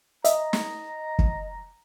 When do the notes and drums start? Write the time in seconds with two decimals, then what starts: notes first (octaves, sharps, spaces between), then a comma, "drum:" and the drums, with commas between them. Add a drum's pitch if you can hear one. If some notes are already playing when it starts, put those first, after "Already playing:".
0.25 D#5 E5 A#5, drum: hi-hat
0.53 drum: snare
1.19 drum: kick